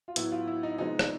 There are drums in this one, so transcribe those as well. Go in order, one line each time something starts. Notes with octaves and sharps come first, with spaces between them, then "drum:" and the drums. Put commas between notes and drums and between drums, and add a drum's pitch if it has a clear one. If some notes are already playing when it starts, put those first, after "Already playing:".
F4
A2 F#3 B3 E4, drum: hi-hat
F4
E4
D#4
C3 F3 G#3 B3 D#4
drum: rim click